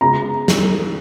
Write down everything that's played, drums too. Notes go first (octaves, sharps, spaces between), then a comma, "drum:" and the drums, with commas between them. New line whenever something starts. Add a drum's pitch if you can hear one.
C#3 G#3 B3 A#5
drum: snare